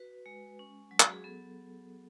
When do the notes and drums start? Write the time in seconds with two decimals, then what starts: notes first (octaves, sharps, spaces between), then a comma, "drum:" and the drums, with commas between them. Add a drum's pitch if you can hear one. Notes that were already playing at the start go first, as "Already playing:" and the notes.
Already playing: F#4 B4
0.26 G#3
0.59 C#4
0.91 F#3
1.00 F#4, drum: clap
1.12 G#4
1.24 B3 A4